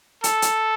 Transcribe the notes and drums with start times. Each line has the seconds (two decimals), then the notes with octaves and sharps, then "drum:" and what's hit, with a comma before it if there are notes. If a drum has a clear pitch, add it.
0.24 A4, drum: hi-hat
0.42 drum: hi-hat